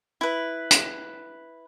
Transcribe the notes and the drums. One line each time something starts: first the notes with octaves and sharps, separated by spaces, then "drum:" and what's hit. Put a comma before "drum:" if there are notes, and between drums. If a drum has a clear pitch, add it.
E4 B4
drum: hi-hat